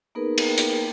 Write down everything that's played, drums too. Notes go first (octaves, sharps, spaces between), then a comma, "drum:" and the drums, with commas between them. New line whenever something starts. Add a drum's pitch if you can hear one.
A#3 B3 D#4 G#4 A#4 B4
drum: cymbal
drum: hi-hat